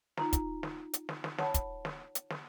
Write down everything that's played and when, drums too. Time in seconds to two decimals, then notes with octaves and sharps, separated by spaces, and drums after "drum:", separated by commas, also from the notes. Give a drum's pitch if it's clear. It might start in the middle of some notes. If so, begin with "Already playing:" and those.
0.17 D#4 F4 A#5, drum: snare
0.33 drum: kick, hi-hat
0.63 drum: snare
0.93 drum: hi-hat
1.09 drum: snare
1.24 drum: snare
1.38 C#5 F#5 A5 B5, drum: snare
1.54 drum: kick, hi-hat
1.85 drum: snare
2.15 drum: hi-hat
2.30 drum: snare